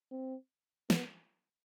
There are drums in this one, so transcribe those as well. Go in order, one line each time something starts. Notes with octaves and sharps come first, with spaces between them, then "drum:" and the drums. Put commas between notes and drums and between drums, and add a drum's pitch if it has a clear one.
C4
B3, drum: snare